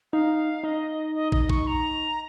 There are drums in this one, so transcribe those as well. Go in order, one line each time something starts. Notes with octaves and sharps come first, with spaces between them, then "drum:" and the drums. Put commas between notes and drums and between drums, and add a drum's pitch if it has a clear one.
D#4 F5
D#4 D#5
D#5
D#5, drum: kick
C#6, drum: kick
A#5